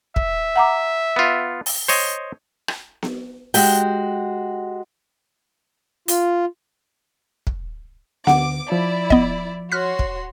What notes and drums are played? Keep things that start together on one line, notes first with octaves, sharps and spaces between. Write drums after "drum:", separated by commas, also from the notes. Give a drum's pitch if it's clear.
E5, drum: kick
F#5 A#5 D6
B3 F4
drum: open hi-hat
C5 C#5 D#5, drum: open hi-hat
drum: rim click
drum: snare B3
G#3 F#4 G4 G5, drum: open hi-hat
F4, drum: hi-hat
drum: kick
D2 D3 F#5 D6, drum: snare B3
F3 E4 D5
B3 D#5, drum: kick
F#4 C#5 C6 F6 F#6 B6
drum: kick